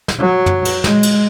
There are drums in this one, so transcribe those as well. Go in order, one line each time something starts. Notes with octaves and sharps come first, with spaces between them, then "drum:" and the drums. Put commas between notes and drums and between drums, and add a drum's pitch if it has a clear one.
drum: snare
F#3
drum: tom
drum: cymbal
G#3, drum: snare
drum: cymbal